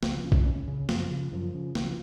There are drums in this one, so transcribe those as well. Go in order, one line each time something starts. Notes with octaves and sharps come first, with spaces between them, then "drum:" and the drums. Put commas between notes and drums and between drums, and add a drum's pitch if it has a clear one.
C#2 F3, drum: snare
F3
C#3
C#4, drum: kick A#1
C#2 C#4
C#3
F#2 F3, drum: snare
C#3
F#2 F3
C#3
C#2 D#3, drum: snare
F3